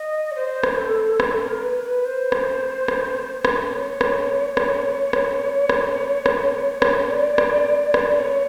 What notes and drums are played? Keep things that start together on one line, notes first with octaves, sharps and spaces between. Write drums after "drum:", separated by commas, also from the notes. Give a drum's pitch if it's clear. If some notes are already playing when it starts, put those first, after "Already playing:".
Already playing: D#5
C#5
C5
drum: rim click
A4
drum: rim click
A#4
B4
B4
C5
drum: rim click
drum: rim click
drum: rim click
C#5
drum: rim click
drum: rim click
drum: rim click
drum: rim click
drum: rim click
drum: rim click
D5
drum: rim click
D5, drum: rim click
C#5